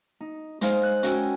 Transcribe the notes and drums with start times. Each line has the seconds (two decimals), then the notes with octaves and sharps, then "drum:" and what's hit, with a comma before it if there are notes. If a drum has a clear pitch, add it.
0.20 D#4
0.61 G#3 D#4 C5 F5, drum: hi-hat
0.83 F#6
1.03 C#4 F#4 A#4 G5 G#5 E6, drum: hi-hat